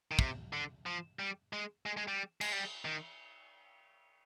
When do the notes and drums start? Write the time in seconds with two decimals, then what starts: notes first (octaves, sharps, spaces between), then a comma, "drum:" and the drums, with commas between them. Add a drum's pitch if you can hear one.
0.11 D#3
0.19 C3, drum: kick
0.53 D3
0.86 F3
1.19 G3
1.53 G#3
1.86 G#3
1.97 G#3
2.08 G3
2.41 G#3, drum: cymbal
2.52 G3
2.85 D#3